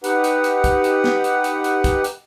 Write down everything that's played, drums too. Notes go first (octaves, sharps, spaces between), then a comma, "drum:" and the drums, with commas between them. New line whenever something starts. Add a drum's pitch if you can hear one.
D#4 G4 B4 F#5, drum: hi-hat
drum: hi-hat
drum: hi-hat
drum: kick, hi-hat
drum: hi-hat
drum: snare
drum: hi-hat
drum: hi-hat
drum: hi-hat
drum: kick, hi-hat
drum: hi-hat